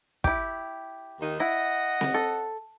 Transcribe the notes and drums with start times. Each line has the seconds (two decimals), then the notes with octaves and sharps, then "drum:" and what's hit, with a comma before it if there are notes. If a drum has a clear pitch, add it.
0.24 E4 G4, drum: kick
1.21 D#2 D#3 D#4
1.40 E4 D#5 F#5
2.01 drum: snare C4
2.14 A4